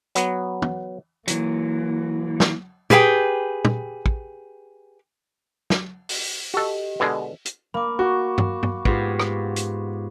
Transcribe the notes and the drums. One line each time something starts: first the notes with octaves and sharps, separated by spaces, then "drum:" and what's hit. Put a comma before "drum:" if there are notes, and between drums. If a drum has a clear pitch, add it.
F#3 B3, drum: hi-hat
drum: tom
E3 F#3 A#3, drum: hi-hat
drum: snare
G4 G#4 B4 D#5 G5, drum: tom
drum: tom
drum: kick
drum: snare
drum: open hi-hat
F#4 G4 A4 D#5
B2 D3 G#3
drum: hi-hat
A#3 B5 D6
F#4 C#6
drum: tom G2
drum: tom G2
G#2 B3 F4 G4, drum: kick
drum: rim click
drum: hi-hat